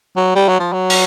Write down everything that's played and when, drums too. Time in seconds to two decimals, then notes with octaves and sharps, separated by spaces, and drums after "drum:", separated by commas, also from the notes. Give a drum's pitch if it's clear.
0.16 F#3
0.35 G3
0.48 F#3
0.59 F3
0.73 F#3
0.90 drum: open hi-hat